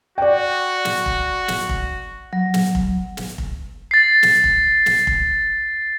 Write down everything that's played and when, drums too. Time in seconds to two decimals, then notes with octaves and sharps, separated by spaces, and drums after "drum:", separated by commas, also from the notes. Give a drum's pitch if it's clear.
0.18 F#4 D5 G5
0.85 drum: snare
1.06 drum: kick F1
1.48 drum: snare
1.69 drum: kick F1
2.33 F#3
2.54 drum: snare
2.75 drum: kick F1
3.17 drum: snare
3.38 drum: kick F1
3.91 A6 C7
4.23 drum: snare
4.44 drum: kick F1
4.86 drum: snare
5.07 drum: kick F1